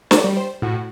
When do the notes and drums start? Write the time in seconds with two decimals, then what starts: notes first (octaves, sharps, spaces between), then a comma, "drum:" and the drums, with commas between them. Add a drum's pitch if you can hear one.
0.11 D5, drum: snare
0.24 G3
0.37 C5
0.62 A2 F#4